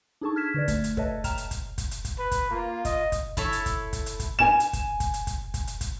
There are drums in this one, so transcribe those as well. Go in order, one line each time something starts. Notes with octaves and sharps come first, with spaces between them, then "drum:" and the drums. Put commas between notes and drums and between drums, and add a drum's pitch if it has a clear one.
D4 D#4 G#4 A4 A5 C#6
F6 G#6 B6 E7
D3 B4 D5
A3, drum: kick, hi-hat
drum: hi-hat
A4 B4 C#5 D#5 E5 A5, drum: kick
G5 A#5 F6 E7 F7, drum: kick, hi-hat
drum: hi-hat
drum: kick, hi-hat
drum: kick, hi-hat
drum: hi-hat
drum: kick, hi-hat
B4
drum: kick, hi-hat
A#3 F4
D#5, drum: kick, hi-hat
drum: kick, hi-hat
E4 A4 C#5 E5, drum: kick, hi-hat
drum: hi-hat
drum: kick, hi-hat
drum: kick, hi-hat
drum: hi-hat
drum: kick, hi-hat
G#5 E7
drum: hi-hat
drum: kick, hi-hat
drum: kick, hi-hat
drum: hi-hat
drum: kick, hi-hat
drum: kick, hi-hat
drum: hi-hat
drum: kick, hi-hat